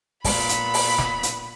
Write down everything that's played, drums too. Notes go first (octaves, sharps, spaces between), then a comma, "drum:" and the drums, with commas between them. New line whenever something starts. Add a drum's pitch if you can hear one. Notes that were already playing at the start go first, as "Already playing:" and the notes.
A#2 B3 B5, drum: kick, open hi-hat
drum: hi-hat
drum: open hi-hat
drum: snare
drum: hi-hat